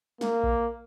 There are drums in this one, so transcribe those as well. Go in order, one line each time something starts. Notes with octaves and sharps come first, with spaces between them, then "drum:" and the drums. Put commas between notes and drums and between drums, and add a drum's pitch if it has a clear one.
A#3, drum: snare
drum: kick A#1